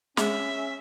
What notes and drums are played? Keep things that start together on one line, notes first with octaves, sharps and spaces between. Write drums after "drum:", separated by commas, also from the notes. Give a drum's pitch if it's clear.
G#3 C#4 G#4 E5, drum: snare